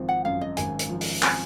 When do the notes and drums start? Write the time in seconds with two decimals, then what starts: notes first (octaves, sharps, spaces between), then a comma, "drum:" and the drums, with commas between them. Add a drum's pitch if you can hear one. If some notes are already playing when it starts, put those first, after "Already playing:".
Already playing: G#1 F3 C4
0.09 F#5
0.25 F#2 F5
0.41 D#5
0.57 G#1 G#5, drum: hi-hat
0.79 drum: hi-hat
0.89 F3
1.01 drum: open hi-hat
1.22 C4 G#5, drum: clap